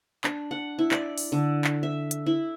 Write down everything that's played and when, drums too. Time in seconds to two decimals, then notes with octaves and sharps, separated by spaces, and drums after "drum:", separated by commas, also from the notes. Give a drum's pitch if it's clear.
0.24 D4, drum: clap
0.51 F#5
0.79 E4
0.91 D5, drum: clap
1.18 drum: open hi-hat
1.32 D3
1.64 drum: clap
1.83 E5
2.11 drum: hi-hat
2.26 E4